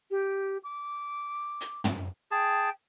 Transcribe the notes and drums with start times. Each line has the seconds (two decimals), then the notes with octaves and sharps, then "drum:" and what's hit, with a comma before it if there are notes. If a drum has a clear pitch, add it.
0.11 G4
0.63 D6
1.61 drum: hi-hat
1.84 drum: tom
2.32 G#4 G5 A5